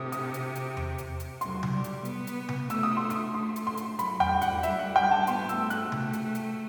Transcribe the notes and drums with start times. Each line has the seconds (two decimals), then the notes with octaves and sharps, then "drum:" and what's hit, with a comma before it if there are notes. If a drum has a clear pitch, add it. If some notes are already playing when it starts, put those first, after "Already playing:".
Already playing: C3 D#6
0.12 D#6, drum: hi-hat
0.34 drum: hi-hat
0.55 drum: hi-hat
0.77 drum: tom E2
0.98 drum: hi-hat
1.20 drum: hi-hat
1.41 F#3 C6, drum: hi-hat
1.63 drum: tom C3
1.73 G3
1.84 drum: hi-hat
2.05 B3, drum: hi-hat
2.27 drum: hi-hat
2.49 drum: tom C3
2.70 A3 E6, drum: hi-hat
2.83 D#6
2.97 C6
3.10 D#6, drum: hi-hat
3.34 A3 C6
3.56 drum: hi-hat
3.67 C6
3.77 drum: hi-hat
3.99 F#3 B5, drum: hi-hat
4.20 G5, drum: tom E2
4.32 G3
4.42 F#5, drum: hi-hat
4.63 E5, drum: hi-hat
4.79 F#5
4.96 G5
5.11 A5
5.27 B3 C6, drum: hi-hat
5.49 E6, drum: hi-hat
5.59 A3
5.70 F#6, drum: hi-hat
5.92 drum: tom C3
6.13 drum: hi-hat
6.35 drum: hi-hat